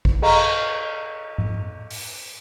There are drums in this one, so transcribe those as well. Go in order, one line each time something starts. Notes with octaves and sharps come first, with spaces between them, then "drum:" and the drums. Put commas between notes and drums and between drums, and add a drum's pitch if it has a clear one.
drum: kick A1
G#4 A4 D#5 F5 A#5 C#6, drum: cymbal
drum: tom G#2
drum: open hi-hat